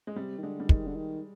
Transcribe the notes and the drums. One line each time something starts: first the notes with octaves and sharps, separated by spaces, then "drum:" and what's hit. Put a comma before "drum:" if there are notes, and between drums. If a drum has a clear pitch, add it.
G#3
C3 G3
D#3
D3 G#3
G3
D#3 G#3, drum: kick
D3
D#3